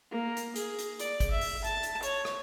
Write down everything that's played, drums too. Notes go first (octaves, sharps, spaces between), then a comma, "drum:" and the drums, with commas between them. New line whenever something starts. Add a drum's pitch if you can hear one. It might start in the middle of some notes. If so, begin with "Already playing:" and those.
A#3
drum: hi-hat
G#4, drum: hi-hat
drum: hi-hat
D5, drum: hi-hat
drum: kick G#1, hi-hat
E5
drum: open hi-hat
A5, drum: hi-hat
drum: hi-hat
C#5, drum: hi-hat
drum: rim click